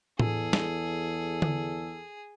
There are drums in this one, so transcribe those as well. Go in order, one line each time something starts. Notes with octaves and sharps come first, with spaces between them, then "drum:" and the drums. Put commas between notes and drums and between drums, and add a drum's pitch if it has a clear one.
E2 G#4 A4, drum: tom A2
drum: snare
drum: tom D3